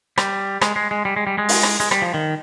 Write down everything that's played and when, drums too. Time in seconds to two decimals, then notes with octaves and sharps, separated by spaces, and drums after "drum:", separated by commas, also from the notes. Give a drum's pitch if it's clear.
0.18 G3, drum: rim click
0.61 G#3, drum: rim click
0.76 G#3
0.91 G#3
1.05 G3
1.16 G#3
1.27 G3
1.38 G#3
1.49 drum: open hi-hat
1.63 drum: rim click
1.80 G#3, drum: hi-hat
1.91 G3, drum: rim click
2.02 F3
2.14 D#3